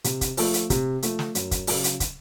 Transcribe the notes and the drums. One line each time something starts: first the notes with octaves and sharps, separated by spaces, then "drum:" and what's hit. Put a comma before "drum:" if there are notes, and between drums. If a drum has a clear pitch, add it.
C3, drum: hi-hat
drum: kick, hi-hat
F3 A3, drum: open hi-hat
drum: hi-hat
C3, drum: kick, hi-hat
F3 A3, drum: hi-hat
drum: snare
F#2, drum: hi-hat
drum: kick, hi-hat
C#3 F#3, drum: open hi-hat
drum: hi-hat
drum: kick, hi-hat